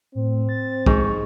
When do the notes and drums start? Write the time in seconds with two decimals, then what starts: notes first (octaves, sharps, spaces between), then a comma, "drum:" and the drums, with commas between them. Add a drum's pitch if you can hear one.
0.15 A2 C4
0.49 A6
0.86 G#2 C#6, drum: kick